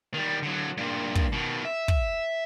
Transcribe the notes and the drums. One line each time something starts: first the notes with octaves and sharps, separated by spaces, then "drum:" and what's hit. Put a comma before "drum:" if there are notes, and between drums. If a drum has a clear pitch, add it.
D#3 G3
D3 F#3
G2 A#2
drum: kick
B2 D#3
E5
drum: kick